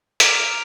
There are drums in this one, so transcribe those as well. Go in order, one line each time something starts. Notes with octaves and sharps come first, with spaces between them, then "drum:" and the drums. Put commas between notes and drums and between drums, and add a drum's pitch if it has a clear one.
A#5 D6 F6 D7 F7, drum: hi-hat
D7 F7